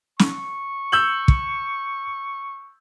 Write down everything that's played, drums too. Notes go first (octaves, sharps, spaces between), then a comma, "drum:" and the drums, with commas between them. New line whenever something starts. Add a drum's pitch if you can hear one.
C#6, drum: snare
E6 G6 F#7
drum: kick